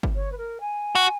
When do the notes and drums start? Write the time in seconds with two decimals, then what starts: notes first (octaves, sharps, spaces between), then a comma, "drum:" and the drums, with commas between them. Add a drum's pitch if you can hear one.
0.03 drum: kick G1
0.15 C#5
0.32 B4
0.38 A#4
0.60 G#5
0.95 F#4